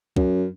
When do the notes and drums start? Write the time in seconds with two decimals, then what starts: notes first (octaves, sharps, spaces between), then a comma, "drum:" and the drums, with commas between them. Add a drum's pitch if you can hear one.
0.16 F#2, drum: kick